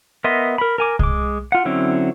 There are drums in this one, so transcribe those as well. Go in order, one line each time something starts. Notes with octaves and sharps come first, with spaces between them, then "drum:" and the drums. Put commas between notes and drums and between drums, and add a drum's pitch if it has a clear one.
B3 A#4 D#5 E5 C6
A#4 B5
A#4 G#5 D6
G#3 D6, drum: kick C2
F4 F#5
D3 F#3 C4 C#4 E4